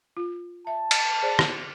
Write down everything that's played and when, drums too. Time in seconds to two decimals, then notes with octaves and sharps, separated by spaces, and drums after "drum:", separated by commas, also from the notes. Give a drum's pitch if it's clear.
0.17 F4
0.67 E5 A5
0.91 drum: cymbal
1.22 G#4 C5 D5
1.39 drum: rim click